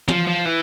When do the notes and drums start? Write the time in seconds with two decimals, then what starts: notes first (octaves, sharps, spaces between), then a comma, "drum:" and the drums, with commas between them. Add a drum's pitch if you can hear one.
0.08 F3, drum: tom
0.27 F3
0.45 E3